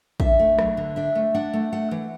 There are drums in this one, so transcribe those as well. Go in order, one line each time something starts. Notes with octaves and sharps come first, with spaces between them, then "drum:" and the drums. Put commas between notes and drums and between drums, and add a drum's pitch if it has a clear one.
D4 E5, drum: kick
A3
F#3, drum: rim click
D3
D4 E5
A3
D4 F#5
A3
A3 F#5
E3